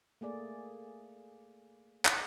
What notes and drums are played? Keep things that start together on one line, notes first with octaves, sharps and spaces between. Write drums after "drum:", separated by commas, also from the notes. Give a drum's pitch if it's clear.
A3 A#3 G#4 D5
drum: clap